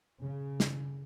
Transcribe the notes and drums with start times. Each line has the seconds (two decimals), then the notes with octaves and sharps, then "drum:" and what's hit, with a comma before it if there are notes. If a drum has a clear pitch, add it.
0.23 C#3
0.60 drum: snare